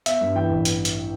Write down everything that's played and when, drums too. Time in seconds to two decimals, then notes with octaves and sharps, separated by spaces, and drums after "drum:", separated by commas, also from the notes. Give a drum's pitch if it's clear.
0.06 B3 E5, drum: hi-hat
0.21 G2
0.35 E3 G5
0.51 A1
0.65 drum: hi-hat
0.85 drum: hi-hat